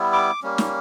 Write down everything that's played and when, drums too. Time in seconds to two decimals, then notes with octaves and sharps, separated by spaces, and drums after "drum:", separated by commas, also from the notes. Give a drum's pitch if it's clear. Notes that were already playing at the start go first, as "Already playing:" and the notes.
Already playing: G3 B3 E4
0.13 D6
0.43 G3 A#3 C#4
0.58 drum: snare